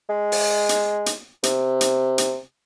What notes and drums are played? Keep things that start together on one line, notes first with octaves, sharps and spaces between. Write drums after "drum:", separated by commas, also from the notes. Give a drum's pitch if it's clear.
G#3
drum: open hi-hat
drum: hi-hat
drum: hi-hat
C3, drum: hi-hat
drum: hi-hat
drum: hi-hat